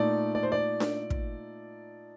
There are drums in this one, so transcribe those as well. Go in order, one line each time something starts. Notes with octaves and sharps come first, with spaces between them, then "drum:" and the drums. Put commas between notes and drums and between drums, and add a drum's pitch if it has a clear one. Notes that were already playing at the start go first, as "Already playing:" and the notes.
Already playing: A#2 A3 D#4 D5
D5
C5
D5
drum: snare D4
drum: kick